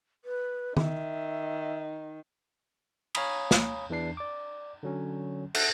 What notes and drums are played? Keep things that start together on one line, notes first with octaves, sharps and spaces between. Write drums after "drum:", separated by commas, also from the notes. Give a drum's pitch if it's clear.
B4
D#3 E5, drum: tom D#3
C#5 F5 G#5 A#5 B5 D#6, drum: cymbal
drum: snare
E2 E3 D4 C7
D5 D6
D3 F#3 C#4
A4 E5 F#5 A5 F#6 G6, drum: cymbal